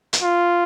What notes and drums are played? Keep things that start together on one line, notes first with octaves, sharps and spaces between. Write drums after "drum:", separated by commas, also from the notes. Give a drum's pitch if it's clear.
drum: hi-hat
F4